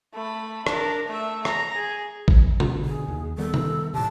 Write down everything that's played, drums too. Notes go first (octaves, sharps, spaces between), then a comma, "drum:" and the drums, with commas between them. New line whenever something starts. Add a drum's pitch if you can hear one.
A3 B5
D4 A#4, drum: rim click
A3 E5
A#5, drum: rim click
G#4
drum: kick G#1
B2 D3, drum: tom C3
G#4
D#2
D#3 G3 B3 A4
drum: tom C3
A2 C3 A5